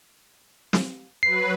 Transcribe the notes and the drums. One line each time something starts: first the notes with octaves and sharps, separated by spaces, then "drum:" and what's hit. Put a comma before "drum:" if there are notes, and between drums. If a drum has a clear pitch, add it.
drum: snare
F#3 B4 C7